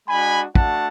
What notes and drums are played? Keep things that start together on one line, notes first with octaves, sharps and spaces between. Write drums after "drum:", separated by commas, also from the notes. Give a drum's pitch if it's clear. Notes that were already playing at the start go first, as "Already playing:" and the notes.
G#3 D4 F#4 G#5 B5
A3 D4 F#4 F#5 A5, drum: kick